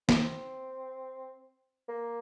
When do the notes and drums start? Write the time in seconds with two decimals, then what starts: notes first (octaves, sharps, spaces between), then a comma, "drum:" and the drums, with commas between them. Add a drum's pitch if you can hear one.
0.09 C4, drum: snare
1.88 A#3